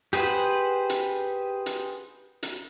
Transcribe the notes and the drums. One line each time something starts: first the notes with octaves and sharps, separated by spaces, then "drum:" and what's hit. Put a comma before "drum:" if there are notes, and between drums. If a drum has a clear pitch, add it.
G4 G#4 B4 C5 F#5, drum: hi-hat
drum: hi-hat
drum: hi-hat
drum: hi-hat